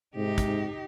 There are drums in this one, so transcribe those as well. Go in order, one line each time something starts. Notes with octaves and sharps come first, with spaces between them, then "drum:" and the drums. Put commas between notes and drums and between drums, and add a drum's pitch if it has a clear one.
G#2 C3 D#4 G4
drum: kick, hi-hat